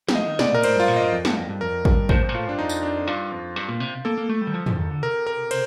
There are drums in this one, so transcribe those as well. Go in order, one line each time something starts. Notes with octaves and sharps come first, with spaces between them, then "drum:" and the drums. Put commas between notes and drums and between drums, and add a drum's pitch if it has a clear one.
G3, drum: snare
F3 D#5
D#3
C3 D5, drum: snare
A#2 A#4
A2 C5, drum: cymbal
G2 F4
A#2
G2 D#5
F2
G2, drum: snare
F2
G2
F2 A#4
G2, drum: kick G#1
A2 C5, drum: kick G#1
F2
A#2
A2 F4
G2 D4
F2 D#4
drum: tambourine
D4
G2 F4
F2
G2
A#2
C3
A#3 A4
A#3
A3
G3
D#3
F3
F3, drum: tom
D#3
D3
C3 A#4
A#4
C5, drum: cymbal